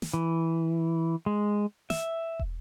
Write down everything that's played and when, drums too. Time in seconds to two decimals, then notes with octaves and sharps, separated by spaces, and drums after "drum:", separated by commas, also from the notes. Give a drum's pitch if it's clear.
0.02 drum: snare
0.13 E3
1.26 G#3
1.90 E5, drum: snare
2.39 drum: kick